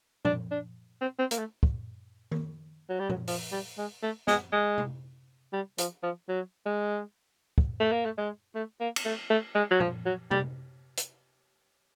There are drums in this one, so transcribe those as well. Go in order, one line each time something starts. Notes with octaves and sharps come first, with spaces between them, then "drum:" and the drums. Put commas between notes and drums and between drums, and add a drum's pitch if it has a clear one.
D4, drum: tom A#2
D4
C4
C4
A#3, drum: hi-hat
A3
drum: kick
drum: tom D#3
F#3
G3
F#3, drum: tom A#2
F3, drum: open hi-hat
G3
G#3
A3
G#3, drum: snare
G#3
drum: tom C3
G3
F3, drum: hi-hat
F3
F#3
G#3
drum: kick
A3
A#3
A3
G#3
A3
A#3
drum: cymbal
A3
A3
G#3
F#3
F3, drum: tom A#2
F#3
G3, drum: tom C3
drum: hi-hat